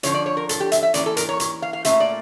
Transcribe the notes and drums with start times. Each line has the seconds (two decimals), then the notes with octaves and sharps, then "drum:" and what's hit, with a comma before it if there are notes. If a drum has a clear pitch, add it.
0.03 D3 F3 C#4 C#5, drum: hi-hat
0.14 D5
0.26 C#5
0.37 A#4
0.49 A4, drum: hi-hat
0.60 G4
0.72 E5, drum: hi-hat
0.83 E5
0.94 E3 A#3 C#4 D5, drum: hi-hat
1.06 A4
1.17 A#4, drum: hi-hat
1.29 C#5
1.40 drum: hi-hat
1.62 F5
1.73 F5
1.85 A#2 A3 C#4 E5, drum: hi-hat
2.00 D5